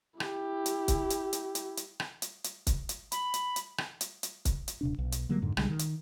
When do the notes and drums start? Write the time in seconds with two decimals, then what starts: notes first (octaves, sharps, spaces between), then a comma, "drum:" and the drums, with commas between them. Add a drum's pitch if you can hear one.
0.20 E4 G4, drum: rim click
0.66 drum: hi-hat
0.88 drum: kick, hi-hat
1.10 drum: hi-hat
1.33 drum: hi-hat
1.55 drum: hi-hat
1.77 drum: hi-hat
2.00 drum: rim click
2.22 drum: hi-hat
2.44 drum: hi-hat
2.67 drum: kick, hi-hat
2.89 drum: hi-hat
3.12 B5, drum: hi-hat
3.34 drum: hi-hat
3.56 drum: hi-hat
3.78 drum: rim click
4.01 drum: hi-hat
4.23 drum: hi-hat
4.45 drum: kick, hi-hat
4.68 drum: hi-hat
4.81 D#1 C3 D4
4.99 B1
5.12 drum: hi-hat
5.29 D3 F#3 G3 A#3
5.42 F2 G#2 D3
5.57 B1 D3 G3 G#3, drum: rim click
5.69 D#3
5.79 drum: hi-hat